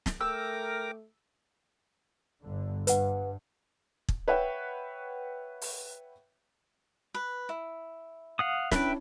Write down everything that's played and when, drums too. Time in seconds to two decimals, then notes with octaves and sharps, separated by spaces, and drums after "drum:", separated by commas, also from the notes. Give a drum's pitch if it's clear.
0.06 drum: snare
0.21 A3 A#4 G5 D6 E6
2.42 G1 D3
2.87 G2 B4 F#5, drum: hi-hat
4.09 drum: kick
4.28 B4 C#5 E5 F#5 G5
5.62 drum: open hi-hat
7.14 B4
7.49 E4
8.39 F5 F#5 D#6
8.72 C#4 D4 E4 B4 E5 G5, drum: snare